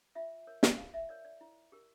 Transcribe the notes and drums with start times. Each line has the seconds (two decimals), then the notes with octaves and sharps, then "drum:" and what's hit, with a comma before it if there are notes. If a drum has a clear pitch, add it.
0.15 F4 E5
0.47 A#4 C#5
0.63 drum: snare
0.78 F4 F5
0.94 E5
1.09 A#4 C#5 D5
1.25 D5
1.41 E4
1.72 G4 A#4